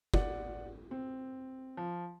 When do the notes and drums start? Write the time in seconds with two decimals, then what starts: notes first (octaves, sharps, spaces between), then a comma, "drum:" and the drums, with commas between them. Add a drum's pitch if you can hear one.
0.14 D5 F#5, drum: kick
0.91 C4
1.77 F3